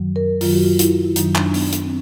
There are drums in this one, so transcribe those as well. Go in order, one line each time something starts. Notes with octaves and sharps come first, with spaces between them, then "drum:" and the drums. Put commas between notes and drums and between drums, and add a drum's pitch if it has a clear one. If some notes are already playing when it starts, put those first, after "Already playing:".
Already playing: F#2 D#3 F#3
A#4
F#2 D#3 F#3 F4, drum: open hi-hat
F#4
F4
E4, drum: hi-hat
E4
F#2 D#3 F#3 D#4, drum: hi-hat
D4, drum: clap
B3, drum: open hi-hat
B3, drum: hi-hat
C4